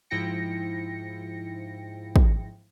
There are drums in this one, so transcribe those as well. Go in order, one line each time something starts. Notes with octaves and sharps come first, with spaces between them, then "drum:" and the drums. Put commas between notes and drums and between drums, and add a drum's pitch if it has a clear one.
G#2 F3 E4 G5 A#6 C#7
drum: kick